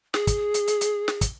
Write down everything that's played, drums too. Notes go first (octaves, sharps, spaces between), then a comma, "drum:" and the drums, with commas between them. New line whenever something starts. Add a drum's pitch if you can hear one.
G#4, drum: snare
drum: kick, hi-hat
drum: hi-hat
drum: hi-hat
drum: hi-hat
drum: snare
drum: kick, hi-hat